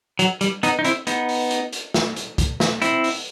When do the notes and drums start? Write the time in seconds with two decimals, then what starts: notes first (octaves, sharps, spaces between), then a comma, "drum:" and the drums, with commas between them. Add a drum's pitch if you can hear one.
0.19 F#3, drum: hi-hat
0.41 G3, drum: hi-hat
0.63 B3 D#4, drum: hi-hat
0.79 D#4
0.84 C4 E4, drum: hi-hat
1.07 B3 D#4, drum: hi-hat
1.29 drum: open hi-hat
1.51 drum: hi-hat
1.73 drum: hi-hat
1.94 drum: snare
2.16 drum: hi-hat
2.38 drum: kick, hi-hat
2.60 drum: snare
2.82 C4 E4, drum: hi-hat
3.04 drum: open hi-hat